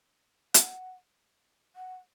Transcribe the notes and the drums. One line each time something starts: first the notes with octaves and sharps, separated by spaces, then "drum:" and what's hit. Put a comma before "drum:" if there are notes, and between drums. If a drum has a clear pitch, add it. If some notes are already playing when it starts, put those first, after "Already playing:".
F#5, drum: hi-hat
F#5